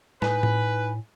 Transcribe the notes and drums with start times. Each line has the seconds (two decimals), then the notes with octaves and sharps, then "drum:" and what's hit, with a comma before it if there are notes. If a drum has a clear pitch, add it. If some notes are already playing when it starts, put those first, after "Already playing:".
0.22 A2 D#4 B4 G#5, drum: snare
0.43 drum: tom A2